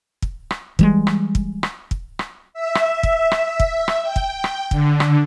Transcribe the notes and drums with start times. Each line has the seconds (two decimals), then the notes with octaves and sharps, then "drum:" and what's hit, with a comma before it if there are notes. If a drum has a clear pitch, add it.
0.22 drum: kick
0.51 drum: rim click
0.79 E3 G3 G#3, drum: kick
1.07 drum: rim click
1.35 drum: kick
1.63 drum: rim click
1.91 drum: kick
2.19 drum: rim click
2.53 E5
2.75 drum: rim click
3.03 drum: kick
3.31 drum: rim click
3.60 drum: kick
3.88 drum: rim click
4.02 G5
4.16 drum: kick
4.44 drum: rim click
4.71 D3, drum: kick
5.00 drum: rim click